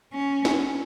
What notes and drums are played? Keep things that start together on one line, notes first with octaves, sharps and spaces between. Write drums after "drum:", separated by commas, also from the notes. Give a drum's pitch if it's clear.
C#4
drum: snare